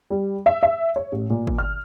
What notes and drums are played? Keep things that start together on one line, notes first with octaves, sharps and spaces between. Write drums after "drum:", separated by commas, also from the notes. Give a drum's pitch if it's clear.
G3
E5
E5
C#5
A1
A#2
drum: kick
F6